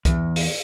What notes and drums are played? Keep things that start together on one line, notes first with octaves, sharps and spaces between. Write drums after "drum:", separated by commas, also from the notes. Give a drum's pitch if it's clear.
E2, drum: kick, hi-hat
drum: open hi-hat